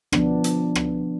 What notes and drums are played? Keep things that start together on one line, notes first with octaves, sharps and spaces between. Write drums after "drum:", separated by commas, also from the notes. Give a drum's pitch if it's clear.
F3 B3 D4, drum: rim click
drum: hi-hat
drum: rim click